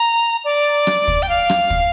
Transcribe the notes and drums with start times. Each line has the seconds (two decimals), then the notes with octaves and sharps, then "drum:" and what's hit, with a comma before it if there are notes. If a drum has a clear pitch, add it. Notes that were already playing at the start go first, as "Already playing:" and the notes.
Already playing: A#5
0.45 D5
0.87 drum: rim click
1.08 drum: kick
1.23 G5
1.29 F5
1.50 drum: rim click
1.70 drum: kick